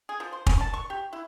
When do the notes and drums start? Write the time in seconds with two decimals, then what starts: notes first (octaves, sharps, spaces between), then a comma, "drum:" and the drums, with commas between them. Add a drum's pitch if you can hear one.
0.09 G#4
0.20 F3
0.32 C5
0.46 C#4, drum: kick
0.61 A5
0.74 C#6
0.90 G4
1.13 E4